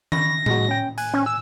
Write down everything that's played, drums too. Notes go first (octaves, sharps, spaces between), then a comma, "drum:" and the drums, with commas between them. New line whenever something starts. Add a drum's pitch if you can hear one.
B5 C#6 A#6, drum: tom D#3
G#3 F#4, drum: tom A2
C#4 G5
G#5 F#6, drum: hi-hat
C#4
E6